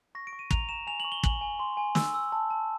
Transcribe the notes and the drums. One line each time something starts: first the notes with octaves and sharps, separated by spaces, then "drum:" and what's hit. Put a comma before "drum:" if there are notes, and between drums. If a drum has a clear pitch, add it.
C#6 A#6
D7
C#6
D#7
A#5 F7, drum: kick
A#5 E7
G#5 F7
F#7
C#6
G7
G#5 F#7, drum: kick
G#5
C6
G#5
E6, drum: snare
E6
A5
A5